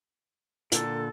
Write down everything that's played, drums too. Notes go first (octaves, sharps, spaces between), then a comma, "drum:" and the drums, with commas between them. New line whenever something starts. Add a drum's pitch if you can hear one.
A#2 D3 A4, drum: hi-hat